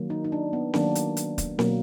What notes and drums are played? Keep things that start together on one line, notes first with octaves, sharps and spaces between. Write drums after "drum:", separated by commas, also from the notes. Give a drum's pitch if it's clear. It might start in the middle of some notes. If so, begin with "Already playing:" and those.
Already playing: D#3 F#3 A#3
D#4
D#4
D4
B3
D#3 F#3 A#3 D4, drum: snare C4
drum: hi-hat
drum: hi-hat
drum: kick, hi-hat
B2 F#3 A#3, drum: snare C4